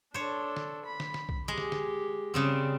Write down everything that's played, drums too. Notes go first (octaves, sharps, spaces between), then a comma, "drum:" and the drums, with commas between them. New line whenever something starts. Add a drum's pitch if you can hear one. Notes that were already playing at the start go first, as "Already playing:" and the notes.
D4 A4 C5 C#5
drum: snare
B5
drum: snare
drum: snare
drum: kick
G#3 G4
drum: snare
drum: snare
C#3 G3 C4